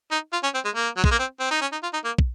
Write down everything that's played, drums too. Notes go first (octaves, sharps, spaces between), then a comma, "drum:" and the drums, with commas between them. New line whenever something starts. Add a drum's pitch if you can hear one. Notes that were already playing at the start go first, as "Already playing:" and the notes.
D#4
F4
C#4
C4
G#3
A#3
F#3
G#3, drum: kick
A#3
C4
C4
D#4
C#4
D#4
F4
D#4
A#3
drum: kick